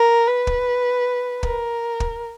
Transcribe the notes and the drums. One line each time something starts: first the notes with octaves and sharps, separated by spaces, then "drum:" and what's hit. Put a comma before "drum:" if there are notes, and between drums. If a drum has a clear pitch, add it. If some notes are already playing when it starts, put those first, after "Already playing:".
Already playing: A#4
B4
drum: kick
A#4, drum: kick
drum: kick